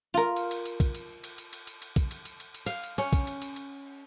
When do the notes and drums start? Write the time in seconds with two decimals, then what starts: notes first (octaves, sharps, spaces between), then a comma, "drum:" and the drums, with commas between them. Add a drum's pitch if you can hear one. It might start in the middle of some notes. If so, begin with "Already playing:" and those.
0.14 F4 A#4
0.36 drum: cymbal
0.51 drum: cymbal
0.65 drum: cymbal
0.80 drum: kick, cymbal
0.95 drum: cymbal
1.24 drum: cymbal
1.38 drum: cymbal
1.53 drum: cymbal
1.67 drum: cymbal
1.82 drum: cymbal
1.96 drum: kick, cymbal
2.11 drum: cymbal
2.25 drum: cymbal
2.40 drum: cymbal
2.54 drum: cymbal
2.66 F5, drum: cymbal
2.83 drum: cymbal
2.98 C#4, drum: cymbal
3.13 drum: kick, cymbal
3.27 drum: cymbal
3.42 drum: cymbal
3.56 drum: cymbal